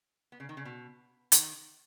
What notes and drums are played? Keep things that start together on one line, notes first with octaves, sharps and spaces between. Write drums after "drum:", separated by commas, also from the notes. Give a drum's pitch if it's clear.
B3
C#3
D#3
C#3
B2
D#3, drum: hi-hat